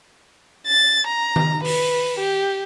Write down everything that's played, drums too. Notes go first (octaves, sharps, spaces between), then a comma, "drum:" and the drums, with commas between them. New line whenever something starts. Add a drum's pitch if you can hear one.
A6
A#5
drum: tom D#3
B4, drum: open hi-hat
G4